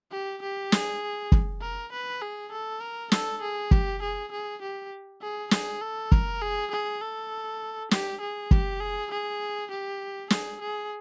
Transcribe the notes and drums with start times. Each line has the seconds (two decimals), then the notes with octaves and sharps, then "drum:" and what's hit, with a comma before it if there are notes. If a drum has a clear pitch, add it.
0.11 G4
0.42 G4
0.72 G#4, drum: snare
1.32 drum: kick
1.61 A#4
1.92 B4
2.22 G#4
2.52 A4
2.81 A#4
3.12 A4, drum: snare
3.42 G#4
3.71 G4, drum: kick
4.02 G#4
4.32 G#4
4.62 G4
5.21 G#4
5.51 G#4, drum: snare
5.81 A4
6.12 A#4, drum: kick
6.41 G#4
6.71 G#4
7.01 A4
7.91 G4, drum: snare
8.21 G#4
8.51 G4, drum: kick
8.80 G#4
9.11 G#4
9.70 G4
10.30 G#4, drum: snare
10.61 G#4